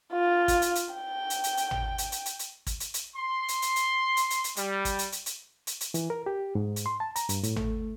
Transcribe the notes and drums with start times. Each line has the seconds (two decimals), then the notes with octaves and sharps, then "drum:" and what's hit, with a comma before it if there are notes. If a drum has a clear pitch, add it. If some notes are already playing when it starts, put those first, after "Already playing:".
0.13 F4
0.48 drum: kick, hi-hat
0.62 drum: hi-hat
0.75 drum: hi-hat
0.94 G5
1.30 drum: hi-hat
1.44 drum: hi-hat
1.57 drum: hi-hat
1.71 drum: tom
1.98 drum: hi-hat
2.12 drum: hi-hat
2.26 drum: hi-hat
2.39 drum: hi-hat
2.67 drum: kick, hi-hat
2.80 drum: hi-hat
2.94 drum: hi-hat
3.16 C6
3.48 drum: hi-hat
3.62 drum: hi-hat
3.76 drum: hi-hat
4.17 drum: hi-hat
4.30 drum: hi-hat
4.44 drum: hi-hat
4.56 G3, drum: hi-hat
4.85 drum: kick, hi-hat
4.99 drum: hi-hat
5.12 drum: hi-hat
5.26 drum: hi-hat
5.67 drum: hi-hat
5.81 drum: hi-hat
5.94 E3, drum: hi-hat
6.10 A#4
6.26 G4
6.55 G#2
6.76 drum: hi-hat
6.86 C6
7.00 A5
7.16 A#5, drum: hi-hat
7.29 G2, drum: hi-hat
7.43 A2, drum: hi-hat
7.56 A3, drum: tom